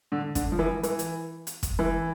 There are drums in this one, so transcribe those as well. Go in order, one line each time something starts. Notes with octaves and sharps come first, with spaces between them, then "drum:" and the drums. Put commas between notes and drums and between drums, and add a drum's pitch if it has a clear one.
D3
D3, drum: kick, hi-hat
F3
E3
E3, drum: hi-hat
drum: hi-hat
drum: hi-hat
drum: kick, hi-hat
E3